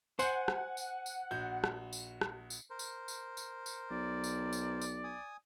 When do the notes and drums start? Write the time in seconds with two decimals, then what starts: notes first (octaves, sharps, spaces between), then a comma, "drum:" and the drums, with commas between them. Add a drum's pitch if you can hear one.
0.19 C5 F#5 G#5 G6, drum: tambourine
0.48 drum: rim click
0.77 drum: tambourine
1.06 drum: tambourine
1.31 A#1 F#4 G6
1.64 drum: rim click
1.93 drum: tambourine
2.21 drum: rim click
2.50 drum: tambourine
2.70 A#4 C5
2.79 drum: tambourine
3.08 drum: tambourine
3.37 drum: tambourine
3.66 drum: tambourine
3.91 B1 D5
4.24 drum: tambourine
4.53 drum: tambourine
4.81 drum: tambourine
5.04 G#5 D#6